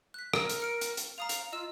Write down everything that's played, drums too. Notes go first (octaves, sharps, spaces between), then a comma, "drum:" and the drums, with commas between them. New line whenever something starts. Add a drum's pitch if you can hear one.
F#6 B6
A#4 E6, drum: rim click
drum: hi-hat
F6 C#7 D7
drum: hi-hat
drum: hi-hat
F5 A#5 D#6 F7
drum: hi-hat
F4 D#5 E6 E7